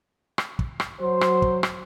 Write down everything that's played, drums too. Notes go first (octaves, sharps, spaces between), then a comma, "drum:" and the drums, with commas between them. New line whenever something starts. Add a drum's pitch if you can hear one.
drum: rim click
drum: kick
drum: rim click
F#3 C5
drum: rim click
drum: kick
drum: rim click